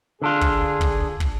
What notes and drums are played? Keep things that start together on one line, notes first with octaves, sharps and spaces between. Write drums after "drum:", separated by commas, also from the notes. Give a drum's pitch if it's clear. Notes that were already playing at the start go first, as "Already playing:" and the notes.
D3 D4 F4 G#4
drum: kick
drum: kick
drum: kick